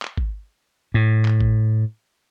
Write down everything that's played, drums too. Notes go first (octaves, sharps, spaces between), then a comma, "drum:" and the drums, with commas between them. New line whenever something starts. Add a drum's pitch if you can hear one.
drum: clap
drum: kick
A2
drum: clap
drum: kick